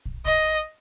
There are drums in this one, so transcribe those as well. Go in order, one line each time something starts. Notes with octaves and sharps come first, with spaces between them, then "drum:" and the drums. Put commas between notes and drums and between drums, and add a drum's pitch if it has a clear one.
drum: kick
D#5, drum: kick